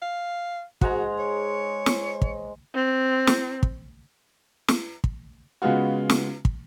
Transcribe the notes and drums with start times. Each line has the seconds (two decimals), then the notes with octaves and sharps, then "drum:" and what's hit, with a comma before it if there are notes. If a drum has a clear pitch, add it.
0.02 F5
0.81 G#2 G#3 F#4 A#5, drum: kick
1.19 C#5
1.86 drum: snare
2.22 drum: kick
2.74 C4
3.27 drum: snare
3.63 drum: kick
4.68 drum: snare
5.04 drum: kick
5.62 C#3 G#3 B3 F4 F#4
6.10 drum: snare
6.45 drum: kick